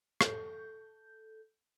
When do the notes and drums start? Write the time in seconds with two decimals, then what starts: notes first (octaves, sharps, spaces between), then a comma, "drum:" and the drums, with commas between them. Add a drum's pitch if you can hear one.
0.21 A4 G6, drum: rim click